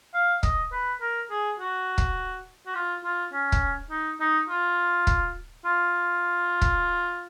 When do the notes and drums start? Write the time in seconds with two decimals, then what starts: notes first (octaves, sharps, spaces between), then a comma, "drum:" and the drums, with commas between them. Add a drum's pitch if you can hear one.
0.14 F5
0.43 D#5, drum: kick
0.72 B4
1.01 A#4
1.30 G#4
1.59 F#4
1.98 drum: kick
2.66 F#4
2.75 F4
3.04 F4
3.32 C#4
3.52 drum: kick
3.91 D#4
4.20 D#4
4.49 F4
5.07 drum: kick
5.65 F4
6.61 drum: kick